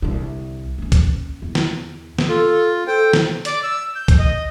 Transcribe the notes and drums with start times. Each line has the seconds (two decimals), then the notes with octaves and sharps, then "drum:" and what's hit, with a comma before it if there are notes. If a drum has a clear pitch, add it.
0.02 C2 D3
0.78 A#3 C#4
0.92 drum: kick, hi-hat
1.42 E2
1.55 drum: snare
2.18 drum: snare
2.29 F4 A4
2.87 A4 C5 G5
3.13 drum: snare
3.45 D5, drum: hi-hat
3.63 E6
3.95 G6
4.08 drum: kick, hi-hat
4.18 D#5